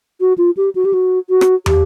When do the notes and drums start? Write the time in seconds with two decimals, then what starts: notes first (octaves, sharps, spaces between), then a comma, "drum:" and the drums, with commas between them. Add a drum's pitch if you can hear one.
0.21 F#4
0.38 F4
0.57 G4
0.75 F#4
0.85 G4
0.93 F#4
1.30 F#4
1.41 drum: rim click
1.66 G4, drum: tom